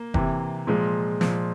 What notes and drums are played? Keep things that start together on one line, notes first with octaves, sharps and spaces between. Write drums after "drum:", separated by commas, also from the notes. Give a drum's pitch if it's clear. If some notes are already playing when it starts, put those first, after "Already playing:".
Already playing: A#3
C3 E3, drum: kick F1
A#2 F3 G#3
A#2 F3, drum: snare